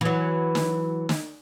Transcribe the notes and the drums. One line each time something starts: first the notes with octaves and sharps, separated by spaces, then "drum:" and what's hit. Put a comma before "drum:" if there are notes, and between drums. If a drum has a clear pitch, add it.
E3 F#3
drum: snare
drum: snare